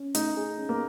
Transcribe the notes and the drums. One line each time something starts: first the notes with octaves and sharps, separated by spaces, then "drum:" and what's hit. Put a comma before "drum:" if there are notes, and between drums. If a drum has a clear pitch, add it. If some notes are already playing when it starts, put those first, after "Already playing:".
Already playing: C#4
A3 D#4, drum: hi-hat
G#4
C#4
A#3